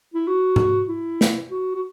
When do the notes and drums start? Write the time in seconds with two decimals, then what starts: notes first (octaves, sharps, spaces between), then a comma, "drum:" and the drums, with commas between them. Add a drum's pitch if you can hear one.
0.14 E4
0.28 F#4
0.56 drum: tom G#2
0.89 E4
1.21 drum: snare
1.50 F#4
1.75 F#4